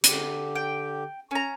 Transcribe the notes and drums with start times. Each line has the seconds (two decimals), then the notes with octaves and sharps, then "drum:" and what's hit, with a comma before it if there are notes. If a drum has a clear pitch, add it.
0.04 D3 G4, drum: hi-hat
0.55 G5
1.31 C#4 A#5